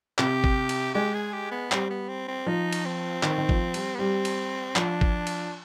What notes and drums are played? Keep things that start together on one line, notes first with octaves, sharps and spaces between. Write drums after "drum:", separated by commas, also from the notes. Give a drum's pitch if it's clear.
C3 G4, drum: clap
drum: kick G#1
drum: cymbal
G#3 G4
G#4
G4
B3
G3 C4, drum: clap
B3
C4
C4
F3 D#4
drum: cymbal
C4
D#3, drum: clap
D#3
F3, drum: kick G#1
G3, drum: cymbal
B3
G3 C4
drum: cymbal
F3 D4, drum: clap
drum: kick G#1
drum: cymbal